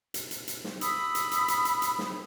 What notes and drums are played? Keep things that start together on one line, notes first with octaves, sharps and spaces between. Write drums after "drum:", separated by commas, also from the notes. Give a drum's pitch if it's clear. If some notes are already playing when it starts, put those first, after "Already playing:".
drum: hi-hat
drum: hi-hat
drum: hi-hat
drum: snare
B5 D#6 E6, drum: hi-hat
drum: hi-hat
drum: hi-hat
drum: hi-hat
drum: hi-hat
drum: hi-hat
drum: snare